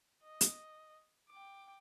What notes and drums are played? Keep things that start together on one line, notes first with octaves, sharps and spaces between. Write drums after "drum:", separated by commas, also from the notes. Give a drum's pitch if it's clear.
D#5
drum: hi-hat
G5 D6